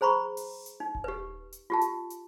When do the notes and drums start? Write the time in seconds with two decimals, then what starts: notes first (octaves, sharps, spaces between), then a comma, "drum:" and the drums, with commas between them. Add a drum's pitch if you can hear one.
0.01 G#4 C5 A#5 B5 C#6
0.37 drum: open hi-hat
0.66 drum: hi-hat
0.80 D#4
0.95 drum: kick D#1
1.04 G4 B4
1.52 drum: hi-hat
1.70 F4 G4 A5
1.81 drum: hi-hat
2.10 drum: hi-hat